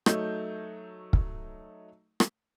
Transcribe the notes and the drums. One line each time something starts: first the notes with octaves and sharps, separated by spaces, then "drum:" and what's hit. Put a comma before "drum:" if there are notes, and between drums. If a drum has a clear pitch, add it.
F#3 A3 D#4 G6, drum: rim click
drum: kick
drum: rim click